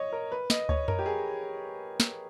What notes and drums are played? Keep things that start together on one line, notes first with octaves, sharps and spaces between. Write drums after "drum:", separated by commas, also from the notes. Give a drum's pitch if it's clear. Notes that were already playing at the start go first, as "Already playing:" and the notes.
Already playing: C#5 D#5
A#4
B4
D#5, drum: snare
C#5, drum: kick D2
A#4, drum: tom F2
G4
G#4
drum: snare